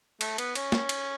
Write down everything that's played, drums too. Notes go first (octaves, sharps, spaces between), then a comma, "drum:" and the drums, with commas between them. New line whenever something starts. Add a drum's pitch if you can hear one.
A3, drum: cymbal
B3, drum: cymbal
C#4, drum: cymbal
drum: snare
drum: cymbal